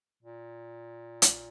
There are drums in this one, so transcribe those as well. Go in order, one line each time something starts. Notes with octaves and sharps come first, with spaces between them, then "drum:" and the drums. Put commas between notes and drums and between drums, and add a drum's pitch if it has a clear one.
A#2
drum: hi-hat